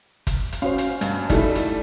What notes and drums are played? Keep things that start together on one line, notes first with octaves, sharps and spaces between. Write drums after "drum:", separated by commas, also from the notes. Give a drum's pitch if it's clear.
drum: kick G1, hi-hat
drum: hi-hat
C#4 F#4 C5 F5
drum: hi-hat
G2 G#5, drum: hi-hat
G3 A3 D#4 E4 F#4, drum: kick G1, hi-hat
drum: hi-hat